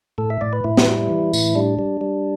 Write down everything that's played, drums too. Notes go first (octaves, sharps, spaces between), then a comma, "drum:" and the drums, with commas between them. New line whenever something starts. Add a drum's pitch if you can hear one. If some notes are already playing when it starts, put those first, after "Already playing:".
A2 A4
E5
A2 D5
B4
A2 E4
drum: snare
G3
E3
A2, drum: tambourine
G3 D4
G3
G3